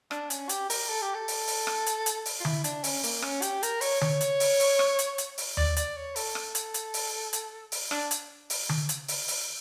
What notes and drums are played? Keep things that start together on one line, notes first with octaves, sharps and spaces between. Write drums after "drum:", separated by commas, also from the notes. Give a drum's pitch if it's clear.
D4, drum: rim click
C#4, drum: hi-hat
G4, drum: hi-hat
A#4, drum: open hi-hat
A4
G4
A4
drum: open hi-hat
drum: open hi-hat
drum: rim click
drum: hi-hat
drum: hi-hat
drum: open hi-hat
F4
E4, drum: tom D3
D4, drum: hi-hat
C#4, drum: open hi-hat
A#3, drum: open hi-hat
C#4, drum: rim click
G4, drum: hi-hat
A#4, drum: hi-hat
C#5, drum: open hi-hat
C#5, drum: tom D3
drum: hi-hat
drum: open hi-hat
drum: open hi-hat
drum: rim click
drum: hi-hat
drum: hi-hat
drum: open hi-hat
D5, drum: tom D#2
D5, drum: hi-hat
C#5
A4, drum: open hi-hat
drum: rim click
drum: hi-hat
drum: hi-hat
drum: open hi-hat
drum: hi-hat
drum: open hi-hat
D4, drum: rim click
drum: hi-hat
drum: open hi-hat
drum: tom D3
drum: hi-hat
drum: open hi-hat
drum: open hi-hat